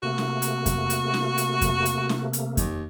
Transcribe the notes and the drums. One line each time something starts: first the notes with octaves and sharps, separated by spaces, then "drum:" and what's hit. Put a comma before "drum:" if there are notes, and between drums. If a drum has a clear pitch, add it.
C3 A3 A#3 F#4
drum: snare
drum: hi-hat
drum: kick F2, hi-hat
drum: hi-hat
drum: snare
drum: hi-hat
drum: kick F2, hi-hat
drum: hi-hat
drum: snare
drum: hi-hat
D#2, drum: kick F2, hi-hat